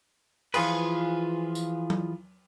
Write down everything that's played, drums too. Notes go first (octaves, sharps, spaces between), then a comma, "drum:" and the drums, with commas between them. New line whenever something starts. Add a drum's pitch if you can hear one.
E3 F3 F4 G#4 B4, drum: cymbal
drum: tambourine
drum: tom F#3